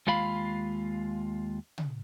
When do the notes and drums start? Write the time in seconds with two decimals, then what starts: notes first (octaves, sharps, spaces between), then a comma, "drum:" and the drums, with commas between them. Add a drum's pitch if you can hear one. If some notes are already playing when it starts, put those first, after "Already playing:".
0.07 D#2 G#3 F4 F5 B5
1.78 drum: tom